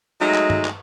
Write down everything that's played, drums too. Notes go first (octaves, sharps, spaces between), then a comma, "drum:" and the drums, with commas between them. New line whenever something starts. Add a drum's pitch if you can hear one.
F#3 G#3 A3 D#4
drum: clap
drum: tom G2
drum: clap